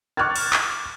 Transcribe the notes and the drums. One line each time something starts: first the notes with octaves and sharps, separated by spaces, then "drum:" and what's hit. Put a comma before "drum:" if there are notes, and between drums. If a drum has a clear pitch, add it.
C#6 D6 F6 F#6 G#6 A6
drum: cymbal
drum: clap